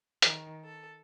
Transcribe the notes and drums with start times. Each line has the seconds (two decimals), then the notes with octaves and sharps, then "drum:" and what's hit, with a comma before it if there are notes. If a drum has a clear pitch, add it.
0.22 D#3, drum: hi-hat
0.64 A4